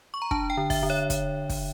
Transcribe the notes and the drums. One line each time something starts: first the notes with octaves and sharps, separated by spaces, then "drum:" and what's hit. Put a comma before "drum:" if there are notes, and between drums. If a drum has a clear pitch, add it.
C#6
A#5
D4 A5, drum: kick
G5
D3
E5, drum: kick, open hi-hat
D3
C#5
drum: kick, hi-hat
drum: kick, open hi-hat